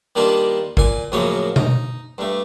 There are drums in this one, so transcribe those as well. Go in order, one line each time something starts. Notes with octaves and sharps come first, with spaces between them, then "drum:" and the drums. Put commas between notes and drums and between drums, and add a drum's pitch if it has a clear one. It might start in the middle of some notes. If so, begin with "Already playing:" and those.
D#3 G3 A#3 D4 F4
A#2 G#5, drum: kick
F#2 A2 C#3 F3 A#3 C#5
D#4, drum: tom B2
G2 A3